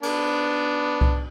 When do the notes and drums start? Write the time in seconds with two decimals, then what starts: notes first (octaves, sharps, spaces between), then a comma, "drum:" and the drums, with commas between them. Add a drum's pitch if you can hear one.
0.03 B3 D4, drum: cymbal
1.01 drum: kick C2